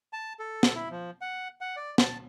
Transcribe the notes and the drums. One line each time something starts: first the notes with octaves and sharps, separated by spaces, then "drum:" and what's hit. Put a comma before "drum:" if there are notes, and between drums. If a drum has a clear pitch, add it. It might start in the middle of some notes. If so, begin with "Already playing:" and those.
A5
A4
drum: snare
E4
F3
F#5
F#5
D5
A5, drum: snare